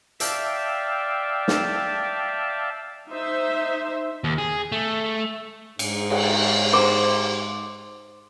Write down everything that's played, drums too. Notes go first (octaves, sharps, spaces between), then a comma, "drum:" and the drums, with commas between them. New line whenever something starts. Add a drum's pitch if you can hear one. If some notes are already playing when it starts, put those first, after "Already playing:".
D5 E5 F5 G5 A5, drum: hi-hat
drum: snare
D#4 C5 E5
D#2
G#4
A3
G#2, drum: cymbal
drum: cymbal
C5 D6